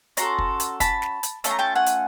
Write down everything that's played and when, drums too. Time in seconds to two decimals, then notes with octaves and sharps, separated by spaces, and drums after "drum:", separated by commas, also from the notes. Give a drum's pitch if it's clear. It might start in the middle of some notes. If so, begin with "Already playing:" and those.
0.17 C#4 F#4 A4 A#5 C6, drum: hi-hat
0.38 drum: kick
0.60 drum: hi-hat
0.80 A5 B5, drum: kick, hi-hat
1.02 drum: snare
1.23 drum: hi-hat
1.44 A3 C#4 F4 A5, drum: hi-hat
1.51 A#5
1.59 G5 A5
1.75 F#5 G#5
1.86 drum: hi-hat